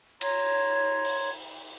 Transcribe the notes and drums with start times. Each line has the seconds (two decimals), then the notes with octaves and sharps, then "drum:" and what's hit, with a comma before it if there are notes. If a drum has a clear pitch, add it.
0.21 C#5 A#5 C6 G#6, drum: cymbal
1.05 drum: open hi-hat